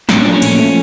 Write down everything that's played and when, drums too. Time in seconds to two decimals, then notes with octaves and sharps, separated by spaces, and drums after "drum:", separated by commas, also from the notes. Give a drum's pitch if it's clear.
0.09 A#2 D4, drum: snare
0.17 C#4
0.24 F3 A3 D4
0.33 C#4
0.42 A#2, drum: cymbal
0.57 F3 A3